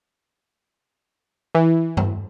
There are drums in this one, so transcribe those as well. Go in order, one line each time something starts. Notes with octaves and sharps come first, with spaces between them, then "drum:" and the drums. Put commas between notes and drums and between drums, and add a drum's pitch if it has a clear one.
E3
drum: tom G2